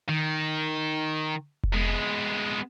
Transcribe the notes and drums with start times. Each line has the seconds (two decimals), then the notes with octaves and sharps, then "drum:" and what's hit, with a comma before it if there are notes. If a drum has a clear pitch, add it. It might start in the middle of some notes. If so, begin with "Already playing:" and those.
0.09 D#3
1.63 drum: kick F1
1.74 G#3 B3